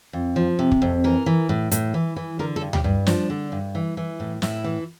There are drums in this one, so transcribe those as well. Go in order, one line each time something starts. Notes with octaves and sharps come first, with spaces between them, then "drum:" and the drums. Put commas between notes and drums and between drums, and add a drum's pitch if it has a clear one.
F2
F3
C3
drum: kick
F2
E3 A#4
E3
A2
A2, drum: hi-hat
E3
E3
D3 A#4
A4
G2
G4, drum: tom D2
G2
F3 D4, drum: snare
D3
G2
E3
E3
A2
A2 E4, drum: snare
E3